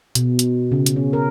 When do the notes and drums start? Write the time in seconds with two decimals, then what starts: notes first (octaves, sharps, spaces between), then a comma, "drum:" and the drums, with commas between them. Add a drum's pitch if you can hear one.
0.15 B2, drum: hi-hat
0.39 drum: hi-hat
0.72 C#3
0.86 drum: hi-hat
0.96 C#4
1.13 A#4